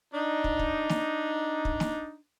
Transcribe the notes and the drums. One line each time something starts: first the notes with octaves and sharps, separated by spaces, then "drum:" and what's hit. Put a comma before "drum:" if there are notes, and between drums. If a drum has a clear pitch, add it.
D4 D#4
drum: kick
drum: kick
drum: snare
drum: kick
drum: snare